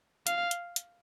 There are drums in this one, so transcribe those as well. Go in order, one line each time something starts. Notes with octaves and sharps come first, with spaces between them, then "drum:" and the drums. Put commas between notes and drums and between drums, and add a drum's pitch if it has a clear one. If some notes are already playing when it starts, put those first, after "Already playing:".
F5, drum: hi-hat
drum: hi-hat
drum: hi-hat